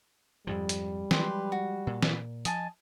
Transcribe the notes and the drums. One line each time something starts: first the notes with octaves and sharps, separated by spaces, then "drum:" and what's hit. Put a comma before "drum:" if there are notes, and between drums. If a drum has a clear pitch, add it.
F2 G#2 F3 G3
drum: hi-hat
F3 F#3 G#3 G4 B4 C6, drum: snare
F#4
A#2
drum: snare
F3 D#5 G#5 A5, drum: hi-hat